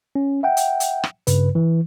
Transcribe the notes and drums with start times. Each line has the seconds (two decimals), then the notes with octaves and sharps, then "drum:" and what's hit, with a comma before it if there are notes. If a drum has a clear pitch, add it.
0.15 C#4
0.43 E5 F#5 G5
0.57 drum: hi-hat
0.80 drum: hi-hat
1.04 drum: rim click
1.27 G2 C#3 B4, drum: hi-hat
1.55 E3